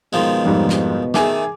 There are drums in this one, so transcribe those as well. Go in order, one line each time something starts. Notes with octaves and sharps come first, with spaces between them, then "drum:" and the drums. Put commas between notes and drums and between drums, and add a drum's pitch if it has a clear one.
B2 D#3 F3 G#3
F2 G#2 G3
drum: snare
D#3 A3 G#4 G#5 D6, drum: snare